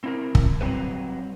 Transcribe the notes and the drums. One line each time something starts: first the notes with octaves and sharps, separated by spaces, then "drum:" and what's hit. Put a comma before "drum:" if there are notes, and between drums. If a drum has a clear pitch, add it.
C4 E4 A#4
drum: kick
F#3 G3 C4 A4 B4